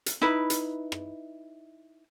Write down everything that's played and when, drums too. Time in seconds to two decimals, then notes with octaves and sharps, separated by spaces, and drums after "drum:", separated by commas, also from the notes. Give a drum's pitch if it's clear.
0.06 drum: hi-hat
0.21 D#4 E4 B4
0.50 drum: hi-hat
0.92 drum: rim click